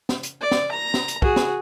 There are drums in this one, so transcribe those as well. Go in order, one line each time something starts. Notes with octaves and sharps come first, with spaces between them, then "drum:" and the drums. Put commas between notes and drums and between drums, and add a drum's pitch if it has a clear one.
drum: snare
drum: hi-hat
D5
drum: snare
A#5
drum: snare
drum: hi-hat
F#4 G#4, drum: kick
drum: snare